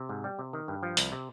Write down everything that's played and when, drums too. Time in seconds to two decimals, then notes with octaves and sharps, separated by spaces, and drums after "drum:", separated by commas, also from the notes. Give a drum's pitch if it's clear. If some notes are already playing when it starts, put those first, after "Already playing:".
Already playing: C3
0.09 G#2
0.24 G3
0.39 C3
0.53 D#3
0.68 G2
0.83 F3
0.97 C2, drum: hi-hat
1.12 C3